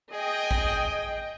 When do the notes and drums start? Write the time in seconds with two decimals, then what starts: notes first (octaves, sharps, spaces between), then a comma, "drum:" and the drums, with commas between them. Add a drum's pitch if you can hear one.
0.14 G#4 D#5 G5
0.51 drum: kick A1